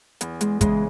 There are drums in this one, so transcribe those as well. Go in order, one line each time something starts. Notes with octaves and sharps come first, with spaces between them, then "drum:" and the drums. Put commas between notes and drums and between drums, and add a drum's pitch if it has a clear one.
E2, drum: hi-hat
G#3, drum: hi-hat
C#3 E3 G#3, drum: kick, hi-hat